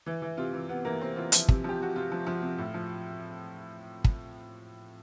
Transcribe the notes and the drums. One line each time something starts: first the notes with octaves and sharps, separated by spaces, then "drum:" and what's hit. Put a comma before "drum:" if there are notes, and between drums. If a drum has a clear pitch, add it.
E3
E3
C3 F4
E3
C3 B3
E3 A#3
C3 C4
E3 F4
F3 E4, drum: hi-hat
C3, drum: kick
F3 G4
C3 F#4
C3 F4
F3
F3
C3
A2
F3
drum: kick